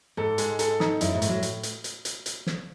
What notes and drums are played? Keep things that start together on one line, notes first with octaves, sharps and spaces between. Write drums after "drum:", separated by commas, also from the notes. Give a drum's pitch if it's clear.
G#2 A4
G#3, drum: hi-hat
A4, drum: hi-hat
D#4, drum: snare
F#2 E4, drum: hi-hat
G#2
A2, drum: hi-hat
F#3
drum: hi-hat
drum: hi-hat
drum: hi-hat
drum: hi-hat
drum: hi-hat
drum: snare